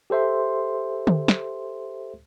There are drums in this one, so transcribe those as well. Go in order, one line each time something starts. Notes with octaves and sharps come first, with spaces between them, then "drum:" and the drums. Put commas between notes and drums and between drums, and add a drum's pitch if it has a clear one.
G4 A4 C5 E5 C6
drum: tom D3
drum: snare